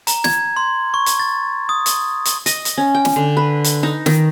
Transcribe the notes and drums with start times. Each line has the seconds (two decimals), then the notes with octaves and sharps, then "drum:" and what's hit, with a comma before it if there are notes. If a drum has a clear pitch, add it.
0.07 A#5, drum: hi-hat
0.24 G#6, drum: snare
0.57 C6
0.94 C#6
1.06 drum: hi-hat
1.19 A6
1.69 D#6
1.86 drum: hi-hat
2.25 drum: hi-hat
2.46 D#5, drum: hi-hat
2.65 drum: hi-hat
2.77 C#4
2.95 G5
3.05 drum: snare
3.16 D3
3.37 B4
3.64 drum: hi-hat
3.83 D#4
4.06 D#3, drum: snare